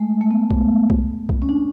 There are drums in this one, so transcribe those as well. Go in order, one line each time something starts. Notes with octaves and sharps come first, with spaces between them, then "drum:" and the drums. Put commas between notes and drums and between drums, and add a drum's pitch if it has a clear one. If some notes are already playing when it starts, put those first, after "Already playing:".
Already playing: G#3 A3
A3
B3
drum: kick B1
drum: kick B1
drum: kick B1
C#4
D4